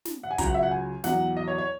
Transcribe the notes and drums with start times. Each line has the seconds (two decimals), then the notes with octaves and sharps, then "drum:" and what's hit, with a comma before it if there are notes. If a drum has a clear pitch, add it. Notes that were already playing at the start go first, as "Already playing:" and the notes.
0.05 drum: snare
0.23 F#5
0.31 G#5
0.38 C#2 C#3 F#3 A#5, drum: kick, hi-hat
0.46 F#5
0.54 E5
0.63 F#5
0.71 G#5
1.04 E2 B2 F#3 F#5, drum: snare
1.37 D#5
1.48 C#5
1.58 C#5